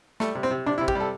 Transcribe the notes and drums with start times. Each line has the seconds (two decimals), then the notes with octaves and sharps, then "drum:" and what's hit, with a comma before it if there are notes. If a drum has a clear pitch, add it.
0.20 G3 A3, drum: snare
0.35 C3
0.43 C4
0.51 C3
0.66 C3 D4
0.78 E4
0.81 C3
0.88 G4, drum: kick
0.95 G3 A4